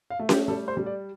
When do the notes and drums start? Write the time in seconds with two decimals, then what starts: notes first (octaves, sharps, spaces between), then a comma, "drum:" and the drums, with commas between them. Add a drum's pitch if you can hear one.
0.10 F5
0.19 A3
0.29 G4, drum: snare C#4
0.48 G3 A4
0.68 C5
0.77 G3
0.86 D5